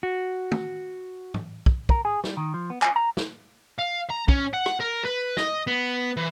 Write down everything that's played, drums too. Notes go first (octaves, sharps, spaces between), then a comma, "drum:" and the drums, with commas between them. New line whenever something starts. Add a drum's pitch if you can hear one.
F#4
drum: tom
drum: tom
drum: kick
A#4, drum: kick
G#4
G3, drum: snare
D#3
F3
B3
G#5, drum: clap
A#5
drum: snare
F5
A#5
C#4, drum: kick
F#5
drum: rim click
A#4
B4
D#5, drum: snare
B3
E3